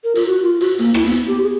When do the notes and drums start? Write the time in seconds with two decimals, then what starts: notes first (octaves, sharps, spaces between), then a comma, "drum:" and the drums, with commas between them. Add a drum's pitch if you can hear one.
0.04 A#4
0.15 F4, drum: hi-hat
0.27 F#4
0.42 F4
0.61 F#4, drum: hi-hat
0.79 A#3, drum: hi-hat
0.94 E4, drum: rim click
1.06 B3, drum: hi-hat
1.28 G4
1.43 G#4